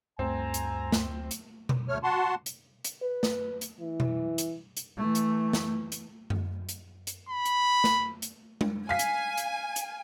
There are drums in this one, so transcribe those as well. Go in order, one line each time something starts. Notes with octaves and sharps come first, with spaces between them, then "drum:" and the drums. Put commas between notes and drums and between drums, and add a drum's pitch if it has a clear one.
D2 G2 A3 C4 G#5 A#5
drum: hi-hat
drum: snare
drum: hi-hat
drum: tom B2
D2 A3 C#5 F6
F#4 F#5 A5 C6
drum: hi-hat
drum: hi-hat
B4
drum: snare
drum: hi-hat
E3
drum: tom B2
drum: hi-hat
drum: hi-hat
E3 A3
drum: hi-hat
drum: snare
drum: hi-hat
drum: tom F#2
drum: hi-hat
drum: hi-hat
B5
drum: hi-hat
drum: snare
drum: hi-hat
drum: tom G#3
F5 G#5 B6
drum: hi-hat
drum: hi-hat
drum: hi-hat